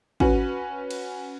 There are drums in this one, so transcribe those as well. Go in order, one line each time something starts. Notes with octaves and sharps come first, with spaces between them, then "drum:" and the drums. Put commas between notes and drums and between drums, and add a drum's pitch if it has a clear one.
C#4 F#4 B4, drum: kick
drum: cymbal